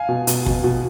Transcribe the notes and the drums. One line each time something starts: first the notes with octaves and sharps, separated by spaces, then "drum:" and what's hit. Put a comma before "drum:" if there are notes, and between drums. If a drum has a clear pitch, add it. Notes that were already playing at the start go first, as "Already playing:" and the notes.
Already playing: F5 G#5
B2
B2, drum: hi-hat
B2, drum: kick
B2